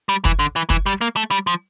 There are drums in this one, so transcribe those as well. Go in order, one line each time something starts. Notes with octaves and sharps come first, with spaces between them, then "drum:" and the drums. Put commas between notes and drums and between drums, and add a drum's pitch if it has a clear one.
G3
E3, drum: kick
D3
E3
E3, drum: kick
G3
A#3
A3
G3
F3